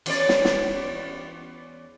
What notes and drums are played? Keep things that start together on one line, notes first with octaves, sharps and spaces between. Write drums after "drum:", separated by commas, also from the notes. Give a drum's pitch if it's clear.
E2 C#4 D5, drum: cymbal
drum: snare
drum: snare